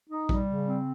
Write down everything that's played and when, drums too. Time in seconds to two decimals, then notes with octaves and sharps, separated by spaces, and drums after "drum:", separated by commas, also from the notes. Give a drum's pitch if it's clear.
0.10 D#4
0.29 G3, drum: kick A#1
0.48 C#3
0.67 C4